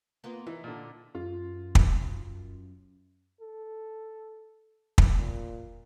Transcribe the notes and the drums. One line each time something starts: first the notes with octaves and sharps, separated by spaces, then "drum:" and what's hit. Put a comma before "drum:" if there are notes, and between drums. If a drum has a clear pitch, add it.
A#3 B3 F4
E3 D#4
A#2 D3
F#2 F4
drum: kick
A4
drum: kick
A#2